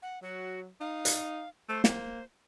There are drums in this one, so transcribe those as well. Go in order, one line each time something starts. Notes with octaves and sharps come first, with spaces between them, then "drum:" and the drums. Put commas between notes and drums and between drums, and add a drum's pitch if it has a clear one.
F#5
F#3 F#4
D#4 F5
drum: hi-hat
A3 C5
A#3, drum: snare